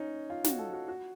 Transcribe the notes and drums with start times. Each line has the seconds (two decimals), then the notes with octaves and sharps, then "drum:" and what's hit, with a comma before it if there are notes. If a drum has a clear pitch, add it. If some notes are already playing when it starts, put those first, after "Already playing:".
Already playing: C#4 D#4
0.30 F4
0.44 F#4, drum: snare
0.59 A4
0.73 F#4
0.88 F#4